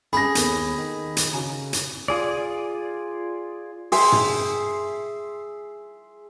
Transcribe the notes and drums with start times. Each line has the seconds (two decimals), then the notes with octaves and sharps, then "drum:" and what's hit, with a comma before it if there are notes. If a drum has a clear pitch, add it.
0.13 G2 C4 C#4 G#4 B5 A#6
0.35 D#2 B3 A4 A#4, drum: hi-hat
0.78 D#3
1.17 drum: hi-hat
1.33 C#3 F#4 G#5 A#5
1.73 drum: hi-hat
2.08 F4 G#4 D5
3.92 G#4 E5 C6, drum: open hi-hat
4.12 drum: tom